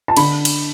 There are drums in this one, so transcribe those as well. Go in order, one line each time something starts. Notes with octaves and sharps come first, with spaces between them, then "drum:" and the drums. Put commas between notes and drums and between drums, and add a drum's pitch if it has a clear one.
A5
D3 B5, drum: cymbal
drum: cymbal